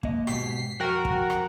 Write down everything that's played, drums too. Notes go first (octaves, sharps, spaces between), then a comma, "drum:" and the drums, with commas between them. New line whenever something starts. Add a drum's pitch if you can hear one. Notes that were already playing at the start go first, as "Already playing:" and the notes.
A#3 D#5, drum: kick
G#2 B2 G4 B6 C7, drum: rim click
F2 F#4 A#4 G5
drum: kick
drum: rim click